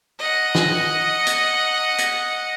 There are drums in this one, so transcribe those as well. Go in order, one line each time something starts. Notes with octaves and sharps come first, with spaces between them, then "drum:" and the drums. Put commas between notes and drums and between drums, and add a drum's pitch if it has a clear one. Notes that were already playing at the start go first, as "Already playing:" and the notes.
D#5 F#5
drum: snare
drum: hi-hat
drum: hi-hat